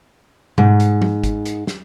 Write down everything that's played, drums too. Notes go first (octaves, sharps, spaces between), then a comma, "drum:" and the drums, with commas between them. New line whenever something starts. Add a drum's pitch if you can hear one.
G#2, drum: tom B2
drum: hi-hat
drum: tom F3
drum: kick G1, hi-hat
drum: hi-hat
drum: snare